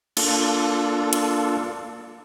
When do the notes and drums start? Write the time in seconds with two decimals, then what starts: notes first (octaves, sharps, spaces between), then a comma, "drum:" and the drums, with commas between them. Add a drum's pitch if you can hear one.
0.17 A#3 D4 F4 A4, drum: cymbal
1.13 drum: hi-hat